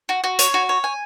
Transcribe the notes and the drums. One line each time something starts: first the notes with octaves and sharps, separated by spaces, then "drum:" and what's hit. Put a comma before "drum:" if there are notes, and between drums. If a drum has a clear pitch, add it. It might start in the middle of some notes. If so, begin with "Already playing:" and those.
F#4
F#4
C#5, drum: hi-hat
F#4
C#5
G#5